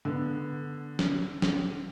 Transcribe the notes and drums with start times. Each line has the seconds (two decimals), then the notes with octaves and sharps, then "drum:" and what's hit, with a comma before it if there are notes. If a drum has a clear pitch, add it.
0.05 D3 B3
0.99 drum: snare
1.42 drum: snare